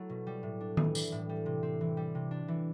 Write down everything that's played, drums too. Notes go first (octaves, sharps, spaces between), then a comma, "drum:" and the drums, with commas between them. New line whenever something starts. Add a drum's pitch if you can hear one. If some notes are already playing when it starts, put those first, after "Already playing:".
Already playing: F#3 A3 E4
B2
G3
A2
D4
E3, drum: tom D#3
G3, drum: tambourine
A2
G3
C3
C4
E3
G3
C3
D4
E3